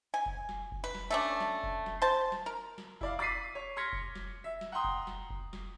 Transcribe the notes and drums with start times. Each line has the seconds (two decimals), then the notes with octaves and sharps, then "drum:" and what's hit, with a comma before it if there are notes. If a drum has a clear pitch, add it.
0.14 G#5
0.26 drum: kick F1
0.49 drum: snare
0.72 drum: kick F1
0.84 B4
0.95 drum: snare
1.11 A3 C#4 D4
1.40 drum: snare
1.63 drum: kick F1
1.86 drum: snare
2.02 C5 A5
2.32 drum: snare
2.46 A#4
2.78 drum: snare
3.01 E4 D5 F5, drum: kick F1
3.19 D6 A6 B6 C7 D#7
3.55 C#5
3.76 C6 F6 G#6 A#6 B6 C#7
3.92 drum: kick F1
4.15 drum: snare
4.44 E5
4.61 drum: snare
4.72 F#5 G5 A#5 C6 D#6
4.84 drum: kick F1
5.07 drum: snare
5.30 drum: kick F1
5.53 drum: snare